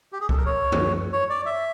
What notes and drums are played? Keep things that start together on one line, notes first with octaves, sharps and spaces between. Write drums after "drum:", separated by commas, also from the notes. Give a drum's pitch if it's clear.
G4
G#4
A4, drum: kick C#2
A#4
C#5
drum: tom
C#5
D5
E5